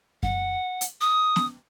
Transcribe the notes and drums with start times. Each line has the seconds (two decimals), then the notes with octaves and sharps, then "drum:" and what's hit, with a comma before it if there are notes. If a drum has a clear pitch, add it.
0.23 F#5, drum: kick F#2
0.81 drum: hi-hat
1.01 D#6
1.36 drum: snare B3